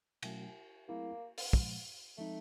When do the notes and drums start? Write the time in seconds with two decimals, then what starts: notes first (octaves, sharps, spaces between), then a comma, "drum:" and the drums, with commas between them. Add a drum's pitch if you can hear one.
0.23 B2 F#3 A3 C#4 F#4, drum: cymbal
0.88 F#3 A3 A#3 C4 E4 G#4
1.38 drum: open hi-hat
1.53 A#2 F3 G#3, drum: kick
2.18 F3 G#3 A3 C4 D#4